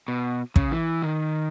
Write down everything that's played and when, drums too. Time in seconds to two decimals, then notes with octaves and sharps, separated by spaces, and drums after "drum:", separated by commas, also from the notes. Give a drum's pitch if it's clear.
0.08 B2
0.56 C#3, drum: kick
0.72 E3
1.02 D#3